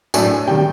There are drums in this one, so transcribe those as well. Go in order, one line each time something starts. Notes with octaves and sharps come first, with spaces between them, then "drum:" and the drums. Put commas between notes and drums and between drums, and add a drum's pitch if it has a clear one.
A2 F#3 A3 D4 G#5, drum: tambourine
C3 D#3 G3 G5